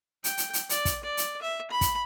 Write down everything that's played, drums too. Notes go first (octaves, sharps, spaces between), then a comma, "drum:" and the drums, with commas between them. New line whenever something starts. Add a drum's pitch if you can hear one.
G5, drum: hi-hat
drum: hi-hat
drum: hi-hat
D5, drum: hi-hat
drum: kick, hi-hat
D5
drum: hi-hat
E5
B5
drum: kick, hi-hat